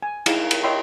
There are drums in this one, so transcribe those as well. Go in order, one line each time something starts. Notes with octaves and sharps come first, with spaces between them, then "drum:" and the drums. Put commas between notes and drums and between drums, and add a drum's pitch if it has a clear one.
G#5
D#4 E4 G#4 F5, drum: cymbal
drum: cymbal
C#5 D#5 E5 G5 B5 C6